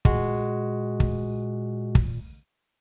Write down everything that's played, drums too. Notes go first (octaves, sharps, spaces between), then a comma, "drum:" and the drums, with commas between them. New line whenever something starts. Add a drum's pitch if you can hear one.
A#2 G#3 F#4, drum: kick
drum: kick
drum: kick